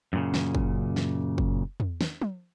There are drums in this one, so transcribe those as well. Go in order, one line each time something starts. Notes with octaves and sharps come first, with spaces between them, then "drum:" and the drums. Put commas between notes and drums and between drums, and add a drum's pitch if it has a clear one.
F#2 A#2 C#3
drum: snare
drum: kick
drum: snare
drum: kick
drum: tom
drum: snare
drum: tom